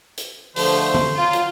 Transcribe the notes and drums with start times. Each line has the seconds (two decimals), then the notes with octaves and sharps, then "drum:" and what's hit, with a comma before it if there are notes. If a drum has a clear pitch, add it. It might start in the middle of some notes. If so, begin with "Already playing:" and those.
0.17 drum: hi-hat
0.56 D3 F3 A3 C5, drum: open hi-hat
0.95 drum: tom D3
1.17 F#3 F4
1.33 drum: hi-hat